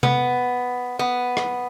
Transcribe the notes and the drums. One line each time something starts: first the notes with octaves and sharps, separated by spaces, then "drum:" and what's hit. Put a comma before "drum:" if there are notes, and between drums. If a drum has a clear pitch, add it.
B3, drum: tom C3
B3
drum: rim click